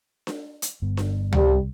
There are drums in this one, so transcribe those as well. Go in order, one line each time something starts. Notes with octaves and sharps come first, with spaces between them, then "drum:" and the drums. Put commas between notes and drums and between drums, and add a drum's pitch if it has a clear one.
drum: snare D4
drum: hi-hat
G1 G2 B3
drum: snare D4
C2 G3, drum: tom